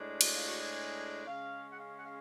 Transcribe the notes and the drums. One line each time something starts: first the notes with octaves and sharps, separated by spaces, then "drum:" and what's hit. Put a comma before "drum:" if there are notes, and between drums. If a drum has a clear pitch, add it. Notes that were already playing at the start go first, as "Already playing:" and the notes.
Already playing: A2 G#3 D4
F#4, drum: cymbal
F4
F#4
G#4
D5
C#3 G#3 C#4 F5
F#5
F5
F#5
F5